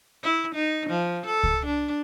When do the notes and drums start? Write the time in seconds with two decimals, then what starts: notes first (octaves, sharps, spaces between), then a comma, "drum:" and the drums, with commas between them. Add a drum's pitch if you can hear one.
0.23 E4
0.55 D#4
0.90 F3
1.26 A4
1.43 drum: kick C#2
1.66 D4